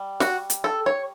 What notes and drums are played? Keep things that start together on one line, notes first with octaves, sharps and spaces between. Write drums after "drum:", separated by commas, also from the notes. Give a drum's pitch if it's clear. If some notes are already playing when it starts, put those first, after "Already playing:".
Already playing: G3
F#4, drum: snare
drum: hi-hat
A4
C#5